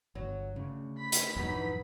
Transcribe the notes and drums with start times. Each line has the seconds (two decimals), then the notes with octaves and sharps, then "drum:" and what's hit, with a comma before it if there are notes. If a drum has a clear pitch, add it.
0.15 G1 F#3
0.56 D2 C#3
0.98 B5 B6
1.12 drum: hi-hat
1.36 A#1 E2 G2 E3 F#3 D#4